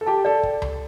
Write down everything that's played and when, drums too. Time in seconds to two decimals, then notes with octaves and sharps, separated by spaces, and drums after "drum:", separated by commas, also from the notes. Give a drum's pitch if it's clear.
0.01 A4
0.07 G4 A5
0.25 A4 D5
0.43 drum: kick G1
0.62 drum: tom C#2